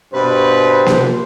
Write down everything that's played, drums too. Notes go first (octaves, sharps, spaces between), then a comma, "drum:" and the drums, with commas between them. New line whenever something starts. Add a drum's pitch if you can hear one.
G2 B2 B4 C5
drum: snare A#3